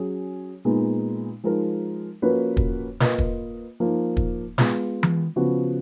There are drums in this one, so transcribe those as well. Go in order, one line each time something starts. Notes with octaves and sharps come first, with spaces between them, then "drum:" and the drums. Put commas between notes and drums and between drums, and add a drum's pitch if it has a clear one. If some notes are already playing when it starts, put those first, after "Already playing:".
Already playing: F#3 C#4 G#4
A#2 G#3 B3 D#4
F3 G#3 D#4 A#4
F3 A#3 C#4 F#4 B4
drum: kick
A#3 F4 B4 D#5, drum: snare
drum: kick
F3 A#3 D#4
drum: kick
G#3 B3 F4, drum: snare
drum: tom E3
C#3 F3 B3 F#4